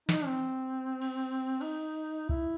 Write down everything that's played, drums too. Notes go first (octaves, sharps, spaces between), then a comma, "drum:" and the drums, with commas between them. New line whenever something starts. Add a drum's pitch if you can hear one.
D#4, drum: snare
C4
drum: cymbal
D#4, drum: cymbal
E4, drum: kick